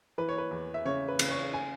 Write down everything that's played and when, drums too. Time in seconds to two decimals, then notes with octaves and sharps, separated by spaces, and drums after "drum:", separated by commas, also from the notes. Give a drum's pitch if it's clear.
0.18 E3 B4
0.29 C#5
0.38 B4
0.51 E2
0.74 E5
0.85 C#3 C#5
1.08 B4
1.19 C#3, drum: cymbal
1.30 C#5
1.53 G#5